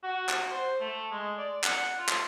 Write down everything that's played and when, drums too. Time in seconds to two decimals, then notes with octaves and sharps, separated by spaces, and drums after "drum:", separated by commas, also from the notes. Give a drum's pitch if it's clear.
0.03 F#4
0.29 drum: clap
0.51 C5
0.80 A3
1.11 G#3
1.38 D5
1.64 F#5, drum: clap
1.98 F4
2.09 drum: clap